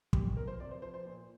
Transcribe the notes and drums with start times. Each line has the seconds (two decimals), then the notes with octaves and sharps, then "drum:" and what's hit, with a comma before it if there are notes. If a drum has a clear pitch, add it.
0.13 A#2 G4, drum: kick
0.37 F3 A#4
0.48 C5
0.59 C3 D5
0.71 C5
0.82 F3 C5
0.94 C5
1.06 A#2